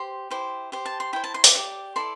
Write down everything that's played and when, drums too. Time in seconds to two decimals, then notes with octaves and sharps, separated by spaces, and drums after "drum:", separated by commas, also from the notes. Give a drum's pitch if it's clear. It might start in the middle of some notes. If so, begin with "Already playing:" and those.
Already playing: G4 C5 C6
0.31 E4 G4 C5
0.72 G4 C5
0.86 A5
1.00 C6
1.13 E4 C5 G5
1.24 A5
1.34 C6
1.44 D6, drum: hi-hat
1.55 G4 D5 D6
1.96 E4 A4 D5 C6